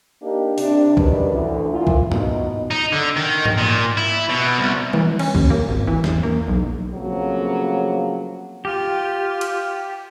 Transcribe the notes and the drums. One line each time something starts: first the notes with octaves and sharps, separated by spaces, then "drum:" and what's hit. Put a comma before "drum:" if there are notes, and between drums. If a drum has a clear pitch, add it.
A#3 D4 D#4 G4
C3 D4, drum: open hi-hat
F#2 D#3 G3 D4 B4, drum: kick C2
D2 D3 E3
A#2 E4 F4
drum: kick C2
B2 D#4, drum: tom G2
D#4
D3
D#3
drum: tom G#2
A#2
E4
B2
C2
E3, drum: tom G3
C#4, drum: cymbal
D#2, drum: kick C2
A#3
G#1
E3
E2, drum: snare
A#3
B1
C#3 F3 F#3 A3 A#3 C4
F4 G4
drum: cymbal